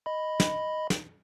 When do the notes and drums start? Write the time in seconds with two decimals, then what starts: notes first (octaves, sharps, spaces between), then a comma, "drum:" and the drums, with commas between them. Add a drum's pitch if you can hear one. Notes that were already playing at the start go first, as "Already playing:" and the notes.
0.06 D#5 B5
0.40 drum: snare
0.90 drum: snare